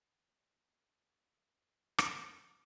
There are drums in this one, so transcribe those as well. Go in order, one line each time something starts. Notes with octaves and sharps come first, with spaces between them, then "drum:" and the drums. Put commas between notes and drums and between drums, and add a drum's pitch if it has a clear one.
A#3 G#4
drum: rim click